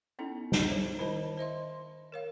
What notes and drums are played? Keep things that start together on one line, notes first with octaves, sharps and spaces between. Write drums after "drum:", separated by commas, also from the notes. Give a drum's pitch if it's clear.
B3 C#4 D#4 E4 A4
drum: snare
D#4 A4 C5 C#5 E5
D#3 E4 C5 D#5 A5 B5
C5 D#5 E5 C6
A#4 C#5 F5